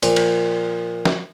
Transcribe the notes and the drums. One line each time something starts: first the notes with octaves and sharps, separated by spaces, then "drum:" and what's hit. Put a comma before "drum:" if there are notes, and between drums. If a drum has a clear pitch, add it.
A#2 F3, drum: hi-hat
drum: cymbal
drum: snare